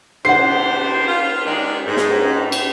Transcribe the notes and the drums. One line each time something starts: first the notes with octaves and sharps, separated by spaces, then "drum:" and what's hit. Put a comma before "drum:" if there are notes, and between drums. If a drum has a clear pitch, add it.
C3 D4 C5 F#5 C7, drum: cymbal
F4
D#3 G#3 D4
G#2
drum: snare
drum: cymbal
drum: cymbal